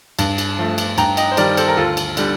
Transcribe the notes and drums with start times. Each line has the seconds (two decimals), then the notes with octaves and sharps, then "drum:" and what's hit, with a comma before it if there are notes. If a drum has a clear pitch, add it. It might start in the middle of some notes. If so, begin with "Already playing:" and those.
0.19 G2, drum: cymbal
0.38 drum: cymbal
0.58 F3 A3
0.78 drum: cymbal
0.98 G2 G5 A#5, drum: cymbal
1.17 D#5 G5, drum: cymbal
1.31 C5
1.37 D#3 G3 A#4 D5, drum: cymbal
1.57 A4 C5, drum: cymbal
1.68 A#4
1.77 D2 F4 A4
1.97 drum: cymbal
2.17 D3 G3 D4, drum: cymbal